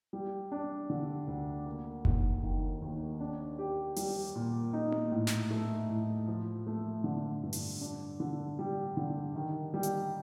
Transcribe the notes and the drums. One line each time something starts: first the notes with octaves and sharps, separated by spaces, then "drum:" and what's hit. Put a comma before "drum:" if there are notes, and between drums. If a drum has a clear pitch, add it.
G3
D4
D3
D2
A#3
D#2, drum: kick F#1
D#3
D#2
D4
G4
G3, drum: open hi-hat
A#2
D#4
drum: tom A#3
A2
drum: snare
A3
A2
F3
A3
D3
G2
drum: open hi-hat
D4
D3
G3
D3
D#3
G3
drum: hi-hat